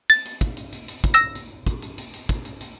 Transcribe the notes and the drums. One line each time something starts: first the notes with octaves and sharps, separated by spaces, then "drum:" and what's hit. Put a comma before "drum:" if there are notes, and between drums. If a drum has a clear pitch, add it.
A6, drum: hi-hat
drum: hi-hat
drum: kick, hi-hat
drum: hi-hat
drum: hi-hat
drum: hi-hat
drum: kick, hi-hat
E6 A#6
drum: hi-hat
drum: kick, hi-hat
drum: hi-hat
drum: hi-hat
drum: hi-hat
drum: kick, hi-hat
drum: hi-hat
drum: hi-hat